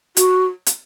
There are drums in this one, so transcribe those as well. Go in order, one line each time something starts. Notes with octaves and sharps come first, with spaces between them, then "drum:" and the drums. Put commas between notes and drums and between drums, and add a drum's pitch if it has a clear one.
F#4, drum: hi-hat
drum: hi-hat